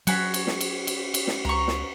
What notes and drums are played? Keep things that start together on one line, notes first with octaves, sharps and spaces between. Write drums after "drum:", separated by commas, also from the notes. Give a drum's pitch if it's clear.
F#3 F#4 G#4 B5, drum: cymbal
drum: cymbal
drum: snare
drum: cymbal
drum: cymbal
drum: cymbal
drum: snare
C#2 A#5 C#6
drum: snare